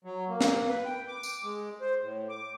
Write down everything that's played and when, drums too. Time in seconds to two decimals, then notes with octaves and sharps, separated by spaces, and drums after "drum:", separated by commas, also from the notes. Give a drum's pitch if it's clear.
0.04 F#3
0.29 A#3
0.41 drum: snare
0.69 B4
0.85 G5
1.08 D6
1.23 drum: tambourine
1.44 G#3
1.81 C5
2.02 A2
2.29 D6